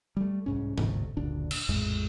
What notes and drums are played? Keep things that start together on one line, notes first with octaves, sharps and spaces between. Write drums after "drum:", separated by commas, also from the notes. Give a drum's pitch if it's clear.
G3 A3
C2 G#2 C#4
G1 D2 C3 A3, drum: tom G#2
F#1 D2 A#2 D4
drum: cymbal
A#1 F2 A2 G#3